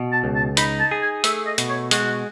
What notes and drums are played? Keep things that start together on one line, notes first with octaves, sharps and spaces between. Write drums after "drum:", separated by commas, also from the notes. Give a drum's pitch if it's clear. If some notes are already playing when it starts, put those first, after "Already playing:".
Already playing: B2
A5
C#2
A5
D#4 B5, drum: hi-hat
A5
G#4
G#5
A3 E5, drum: hi-hat
D#5
B2, drum: hi-hat
C#5
G#3 F#4, drum: hi-hat